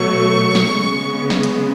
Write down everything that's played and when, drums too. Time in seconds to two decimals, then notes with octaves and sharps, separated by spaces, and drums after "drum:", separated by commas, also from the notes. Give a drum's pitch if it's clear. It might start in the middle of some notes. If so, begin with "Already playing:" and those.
Already playing: B2 F#3 A3 C#6
0.55 drum: snare
0.74 C#3 G#3 B3
1.30 drum: snare
1.43 drum: hi-hat